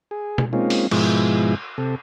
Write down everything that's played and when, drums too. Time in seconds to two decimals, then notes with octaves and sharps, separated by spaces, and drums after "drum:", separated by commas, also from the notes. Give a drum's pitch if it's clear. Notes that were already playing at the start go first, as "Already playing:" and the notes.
0.11 G#4
0.38 drum: tom B2
0.53 G#3 A#3 C4 C#4 D#4 F4
0.70 drum: open hi-hat
0.91 G#2 B2 F3 G#3 E4, drum: cymbal
1.78 C3 A4